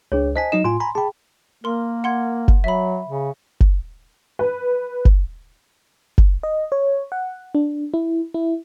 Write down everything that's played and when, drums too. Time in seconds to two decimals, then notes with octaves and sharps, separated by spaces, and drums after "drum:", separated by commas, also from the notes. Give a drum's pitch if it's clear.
0.12 C#2 D4 G#4 C#5
0.36 C5 D#5 G#5 A5 B6
0.52 F#3 D#4 D#5 E7
0.64 A2 F4 G#5 C6
0.80 G#5 A#5 B5
0.95 G#4 G5 A5 B5
1.64 A#3 A#4 C6
2.04 F#5 C6 G#6
2.48 drum: kick F#1
2.64 F#3 E5 B5
3.07 C#3
3.60 drum: kick F#1
4.39 B4
5.05 drum: kick F#1
6.18 drum: kick F#1
6.43 D#5
6.72 C#5
7.12 F#5
7.55 D4
7.94 E4
8.34 E4